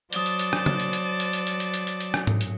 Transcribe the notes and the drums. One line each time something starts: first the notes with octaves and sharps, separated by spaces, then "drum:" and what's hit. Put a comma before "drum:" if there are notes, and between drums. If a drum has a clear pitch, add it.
F#3 C5 D5 A5 D#6 G7, drum: hi-hat
drum: hi-hat
drum: hi-hat
drum: rim click
drum: tom
drum: hi-hat
drum: hi-hat
drum: hi-hat
drum: hi-hat
drum: hi-hat
drum: hi-hat
drum: hi-hat
drum: hi-hat
drum: hi-hat
drum: rim click
drum: tom
drum: hi-hat